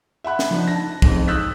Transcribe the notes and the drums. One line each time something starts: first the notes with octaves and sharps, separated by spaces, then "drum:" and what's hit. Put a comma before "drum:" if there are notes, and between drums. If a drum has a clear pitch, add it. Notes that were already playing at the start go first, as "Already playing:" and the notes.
E5 F#5 B5 F#6
drum: snare
F3 D4 D#4
A5 A#6
A1 F2 G#2, drum: kick
D#6 E6 F#6 G6 A6 B6